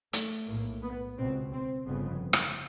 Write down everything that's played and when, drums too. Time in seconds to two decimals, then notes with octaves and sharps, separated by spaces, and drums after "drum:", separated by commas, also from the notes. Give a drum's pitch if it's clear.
0.13 A3, drum: hi-hat
0.47 B1 A2 A#3
0.82 B3
1.17 C#2 B2 C4
1.52 C4
1.86 G1 F2 C#3 B3
2.33 drum: rim click